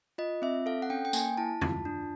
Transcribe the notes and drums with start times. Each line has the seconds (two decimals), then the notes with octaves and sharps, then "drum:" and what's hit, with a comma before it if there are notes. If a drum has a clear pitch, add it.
0.18 F4 D#5
0.42 C4 E5
0.66 A4 F5
0.82 F#5
0.90 C#4 G5
1.05 G5
1.13 A#3 G#5, drum: tambourine
1.37 E4 A5
1.62 F4, drum: tom E2
1.85 D4